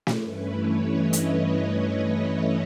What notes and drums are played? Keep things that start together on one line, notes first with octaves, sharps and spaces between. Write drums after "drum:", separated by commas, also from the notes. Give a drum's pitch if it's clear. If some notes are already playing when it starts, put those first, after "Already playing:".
drum: snare
G2 E3 A3 C#4 E4 B4
C#5
D#5
drum: hi-hat